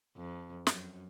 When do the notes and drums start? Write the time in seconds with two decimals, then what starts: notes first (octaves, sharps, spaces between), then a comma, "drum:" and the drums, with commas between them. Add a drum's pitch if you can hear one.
0.17 F2
0.67 F#2, drum: snare